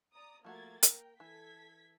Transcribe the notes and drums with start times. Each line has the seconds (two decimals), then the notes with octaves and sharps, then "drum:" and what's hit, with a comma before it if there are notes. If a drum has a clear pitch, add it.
0.13 D5 A#5 D#6
0.44 F3 A3 A#3 F#4 G#6 A6
0.83 A#4 G5, drum: hi-hat
1.20 E3 A4 G#6 B6